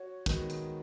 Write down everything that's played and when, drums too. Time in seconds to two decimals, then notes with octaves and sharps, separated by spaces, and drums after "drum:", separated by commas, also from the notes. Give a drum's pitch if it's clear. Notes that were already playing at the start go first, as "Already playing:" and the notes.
Already playing: F#4 C#5
0.26 D#3 G#3 B3 D#4 F#4, drum: kick, hi-hat
0.50 drum: hi-hat